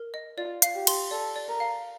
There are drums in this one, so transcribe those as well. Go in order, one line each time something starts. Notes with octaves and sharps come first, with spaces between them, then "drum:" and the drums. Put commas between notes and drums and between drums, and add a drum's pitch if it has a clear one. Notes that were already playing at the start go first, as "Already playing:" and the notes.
Already playing: A#4
D#5
F4 D5
F5, drum: hi-hat
G4
C6, drum: cymbal
A4 D5
D5
A#4
F5